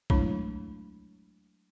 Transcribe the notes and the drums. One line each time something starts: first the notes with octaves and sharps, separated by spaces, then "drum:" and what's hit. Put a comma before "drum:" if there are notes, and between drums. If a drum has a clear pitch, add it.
F#3 G#3 A3 D4 E4 B5, drum: kick